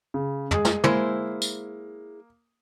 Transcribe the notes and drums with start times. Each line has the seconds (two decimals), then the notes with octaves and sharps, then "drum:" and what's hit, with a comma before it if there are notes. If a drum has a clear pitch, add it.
0.14 C#3
0.51 G#3 G#4, drum: tom
0.65 drum: snare
0.84 G#3 A#3 E4 C5, drum: tom
1.42 drum: tambourine